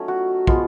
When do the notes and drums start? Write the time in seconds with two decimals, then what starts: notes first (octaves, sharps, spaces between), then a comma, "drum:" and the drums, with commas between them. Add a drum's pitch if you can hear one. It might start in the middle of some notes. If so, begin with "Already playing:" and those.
Already playing: F#3 A3 C#4 D#4
0.08 F#4
0.47 F3 G#3 B3 F4, drum: kick